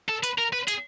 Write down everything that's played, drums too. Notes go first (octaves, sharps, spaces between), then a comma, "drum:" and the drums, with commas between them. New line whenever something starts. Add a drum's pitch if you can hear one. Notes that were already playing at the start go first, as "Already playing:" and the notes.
A4
B4, drum: hi-hat
A#4
B4
G#4, drum: hi-hat